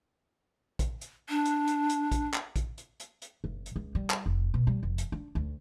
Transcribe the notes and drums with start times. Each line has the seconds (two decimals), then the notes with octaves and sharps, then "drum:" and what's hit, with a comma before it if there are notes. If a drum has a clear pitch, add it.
0.79 drum: kick, hi-hat
1.01 drum: hi-hat
1.29 D4
1.45 drum: hi-hat
1.67 drum: hi-hat
1.89 drum: hi-hat
2.12 drum: kick, hi-hat
2.34 drum: clap
2.56 drum: kick, hi-hat
2.78 drum: hi-hat
3.00 drum: hi-hat
3.22 drum: hi-hat
3.44 F#1
3.66 drum: hi-hat
3.76 C#2
3.95 G3
4.10 drum: clap
4.26 F1
4.54 B2
4.67 G3
4.83 F1
4.98 drum: hi-hat
5.12 D4
5.35 D2